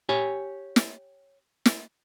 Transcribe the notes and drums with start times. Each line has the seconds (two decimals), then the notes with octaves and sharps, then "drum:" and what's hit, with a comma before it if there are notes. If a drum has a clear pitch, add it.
0.09 G4 C#5 G#5
0.76 drum: snare
1.66 drum: snare